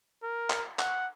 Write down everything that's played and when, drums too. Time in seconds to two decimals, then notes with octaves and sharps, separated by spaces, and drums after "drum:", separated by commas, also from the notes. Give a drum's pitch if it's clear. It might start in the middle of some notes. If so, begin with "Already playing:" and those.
0.24 A#4
0.50 drum: clap
0.79 F#5, drum: clap